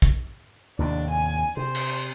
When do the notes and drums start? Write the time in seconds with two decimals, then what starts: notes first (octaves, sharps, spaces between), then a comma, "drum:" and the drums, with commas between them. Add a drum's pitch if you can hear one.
0.02 drum: kick
0.79 D#2 A2 C3 D4
1.10 G#5
1.57 C3 C5
1.75 drum: cymbal